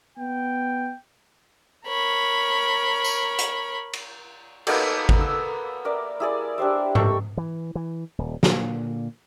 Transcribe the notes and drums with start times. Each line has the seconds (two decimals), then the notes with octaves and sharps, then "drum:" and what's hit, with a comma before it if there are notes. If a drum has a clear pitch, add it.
0.18 B3 G5
1.88 A#4 C#5 B5
3.04 drum: tambourine
3.39 drum: hi-hat
3.93 drum: cymbal
4.67 A#3 B3 D#4 A4, drum: cymbal
5.09 drum: kick G#1
5.21 E6
5.85 A#4 D5 E5
6.20 E4 G#4 D5
6.58 D4 G4 C5 E5
6.95 A4 D#5 G5 C#6, drum: tom G#2
7.37 E3
7.75 E3
8.18 D#1
8.43 A#2 D3 A#3, drum: snare